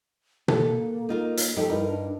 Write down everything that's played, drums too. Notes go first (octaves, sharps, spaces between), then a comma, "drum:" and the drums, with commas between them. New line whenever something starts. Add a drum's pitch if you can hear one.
A#3 A4, drum: tom B2
D#4 F4 A#4
drum: hi-hat
F3 D#4 G4 A4
G2 D#4 E4 A#4
D4